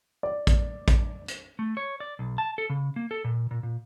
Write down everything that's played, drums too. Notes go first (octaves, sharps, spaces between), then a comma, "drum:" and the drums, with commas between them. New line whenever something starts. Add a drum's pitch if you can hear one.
D5
drum: kick, hi-hat
drum: kick, hi-hat
drum: hi-hat
A3
C#5
D5
B1
A5
A4
C#3
A#3
A4
A#2
A#2
A#2